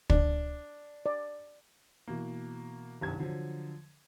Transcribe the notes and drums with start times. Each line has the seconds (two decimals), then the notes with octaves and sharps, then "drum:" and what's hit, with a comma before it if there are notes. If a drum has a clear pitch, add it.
0.10 D4, drum: kick
1.06 D5
2.07 B2 E3 A#3
3.01 F#1 C2 G2 D#3 G#6
3.19 D3 F3 F#3